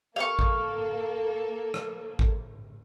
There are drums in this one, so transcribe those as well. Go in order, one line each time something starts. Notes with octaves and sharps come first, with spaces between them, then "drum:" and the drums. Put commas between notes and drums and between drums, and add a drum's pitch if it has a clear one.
A#3 A4 F5 C#6
drum: kick G#1
drum: rim click
drum: kick G#1